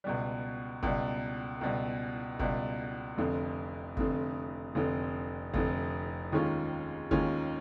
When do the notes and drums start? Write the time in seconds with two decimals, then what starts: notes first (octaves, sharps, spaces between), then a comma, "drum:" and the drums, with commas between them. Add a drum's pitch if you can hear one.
0.04 C#2 B2 G3
0.83 C#2 B2 G3, drum: kick
1.61 C#2 B2 G3
2.39 C#2 B2 G3, drum: kick
3.18 F1 F2 D3
3.97 F1 F2 D3, drum: kick
4.75 F1 F2 D3
5.54 F1 F2 D3, drum: kick
6.32 D#2 D#3 G#3 C#4 F4
7.11 D#2 D#3 G#3 C#4 F4, drum: kick